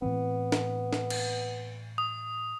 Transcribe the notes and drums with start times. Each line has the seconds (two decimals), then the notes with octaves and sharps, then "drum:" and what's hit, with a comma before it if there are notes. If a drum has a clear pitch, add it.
0.02 A2 E3 B3 C4
0.52 drum: snare
0.93 drum: snare
1.10 drum: cymbal
1.98 D#6